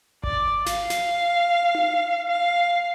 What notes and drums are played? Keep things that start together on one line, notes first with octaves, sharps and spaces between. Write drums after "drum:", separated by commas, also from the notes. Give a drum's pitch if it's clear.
D5, drum: kick G#1
F5, drum: snare
drum: snare
drum: tom D#4
F5